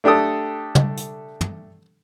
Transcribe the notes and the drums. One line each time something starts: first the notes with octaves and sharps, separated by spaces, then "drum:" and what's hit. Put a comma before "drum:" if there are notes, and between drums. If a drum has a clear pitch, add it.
A3 D4 G4 A4 D#6
drum: tom
drum: hi-hat
drum: tom